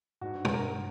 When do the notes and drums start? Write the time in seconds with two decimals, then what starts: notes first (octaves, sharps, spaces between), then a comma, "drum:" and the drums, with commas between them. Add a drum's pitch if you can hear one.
0.21 G#2 F#4
0.33 G2
0.45 F#2, drum: tom
0.54 G2 A#4